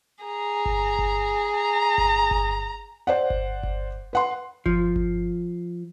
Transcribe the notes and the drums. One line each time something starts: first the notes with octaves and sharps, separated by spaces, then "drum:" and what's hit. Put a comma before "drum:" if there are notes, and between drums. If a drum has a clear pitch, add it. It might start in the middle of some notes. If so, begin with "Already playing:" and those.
G#4 A#5
drum: kick G1
drum: kick G1
A#5
drum: kick G1
drum: kick G1
C5 D5 F#5
drum: kick G1
drum: kick G1
B4 F#5 C6
F3, drum: kick G1
drum: kick G1